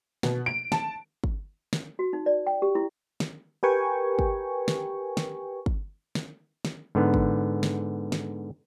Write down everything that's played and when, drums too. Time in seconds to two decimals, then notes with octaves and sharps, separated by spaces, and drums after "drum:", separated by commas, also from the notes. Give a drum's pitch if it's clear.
0.23 B2, drum: snare
0.46 D7
0.72 A5, drum: snare
1.24 drum: kick
1.73 drum: snare
1.99 F#4
2.13 D#4
2.26 D5
2.47 G5
2.62 G4
2.75 E4
3.20 drum: snare
3.63 G4 A#4 B4 G5 G#5 C#6
4.19 drum: kick
4.68 drum: snare
5.17 drum: snare
5.66 drum: kick
6.15 drum: snare
6.65 drum: snare
6.95 G#2 D3 B3
7.14 drum: kick
7.63 drum: snare
8.12 drum: snare